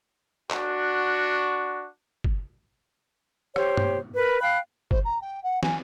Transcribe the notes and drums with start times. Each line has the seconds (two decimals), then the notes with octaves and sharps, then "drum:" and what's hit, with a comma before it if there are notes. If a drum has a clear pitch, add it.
0.51 D4 F#4, drum: clap
2.24 drum: kick
3.56 G4 C5 C#5, drum: rim click
3.77 drum: tom
4.16 A#4 B4 B5
4.40 F5 G5 B5 F#6
4.91 C5, drum: kick
5.04 A#5
5.21 G5
5.43 F#5
5.63 G#5, drum: snare